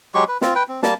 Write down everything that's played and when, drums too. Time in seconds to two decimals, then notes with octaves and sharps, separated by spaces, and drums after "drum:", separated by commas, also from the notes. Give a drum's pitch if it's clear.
0.14 F#3 G#3 G4 C#6
0.28 B4
0.41 C4 F4, drum: snare
0.55 B4 G5
0.68 C4
0.83 G3 A#3 A5, drum: snare